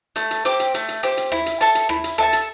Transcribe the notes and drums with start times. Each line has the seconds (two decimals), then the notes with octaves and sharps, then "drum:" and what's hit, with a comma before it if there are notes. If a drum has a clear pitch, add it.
0.16 A3, drum: hi-hat
0.31 drum: hi-hat
0.45 C4 G4, drum: hi-hat
0.60 drum: hi-hat
0.74 A3, drum: hi-hat
0.88 drum: hi-hat
1.03 C4 G4, drum: hi-hat
1.17 drum: hi-hat
1.32 E4, drum: rim click
1.46 drum: hi-hat
1.61 A4 E5 A5, drum: hi-hat
1.75 drum: hi-hat
1.89 E4, drum: rim click
2.04 drum: hi-hat
2.18 A4 E5 A5, drum: rim click
2.33 drum: hi-hat